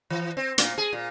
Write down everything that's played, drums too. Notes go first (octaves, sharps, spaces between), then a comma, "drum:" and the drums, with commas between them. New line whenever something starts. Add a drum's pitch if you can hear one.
E3
C4
A#2, drum: hi-hat
G#4
A#2